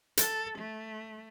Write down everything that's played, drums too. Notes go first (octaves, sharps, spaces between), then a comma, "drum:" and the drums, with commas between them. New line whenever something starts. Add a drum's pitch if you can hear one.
A4, drum: hi-hat
A3